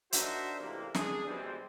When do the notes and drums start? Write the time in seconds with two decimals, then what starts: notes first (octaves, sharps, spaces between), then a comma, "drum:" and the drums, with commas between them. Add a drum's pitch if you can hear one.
0.13 D4 D#4 F#4 A#4 C5 E5, drum: hi-hat
0.60 A1 G#2 C3 E3 A#3
0.94 D4 G#4, drum: snare
1.27 B2 E3 G3 G#3 C4